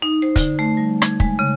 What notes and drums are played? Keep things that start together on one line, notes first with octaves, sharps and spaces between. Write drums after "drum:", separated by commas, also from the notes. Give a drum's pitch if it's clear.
D#4
C5
D3, drum: kick, hi-hat
A3
G3
G#6, drum: rim click
G#3, drum: kick
C#3